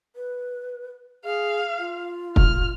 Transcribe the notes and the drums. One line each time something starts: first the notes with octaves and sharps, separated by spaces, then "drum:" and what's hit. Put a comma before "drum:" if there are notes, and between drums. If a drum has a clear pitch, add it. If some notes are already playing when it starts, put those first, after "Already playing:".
B4
G#4 F5
F4
F6, drum: kick